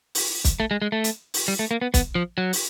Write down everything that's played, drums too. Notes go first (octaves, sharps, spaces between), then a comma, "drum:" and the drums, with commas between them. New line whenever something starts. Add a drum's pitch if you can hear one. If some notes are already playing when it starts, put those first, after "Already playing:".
drum: open hi-hat
drum: kick, hi-hat
A3
G#3
G#3
A3
drum: hi-hat
drum: open hi-hat
G3
A3
A#3
B3
B3, drum: kick, hi-hat
F3
F#3
drum: open hi-hat